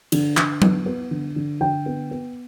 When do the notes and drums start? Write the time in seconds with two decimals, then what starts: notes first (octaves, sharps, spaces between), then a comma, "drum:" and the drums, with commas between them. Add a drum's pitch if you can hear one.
0.12 D3, drum: cymbal
0.37 D3, drum: clap
0.62 B3, drum: tom F#3
0.86 B3
1.11 D3
1.36 D3
1.61 D3 G5
1.86 B3
2.11 B3